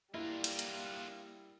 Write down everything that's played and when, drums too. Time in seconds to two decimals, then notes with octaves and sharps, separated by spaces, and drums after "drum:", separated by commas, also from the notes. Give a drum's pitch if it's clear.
0.14 G3 A#3 D4 E4 F4
0.44 drum: cymbal
0.59 drum: hi-hat